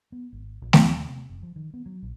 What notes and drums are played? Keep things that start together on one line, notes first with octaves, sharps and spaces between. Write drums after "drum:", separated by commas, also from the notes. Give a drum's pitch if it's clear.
B3
G#1
A#1
drum: snare A3
D#1
C3
F#1
F3
D#3
B3
F#3
A#1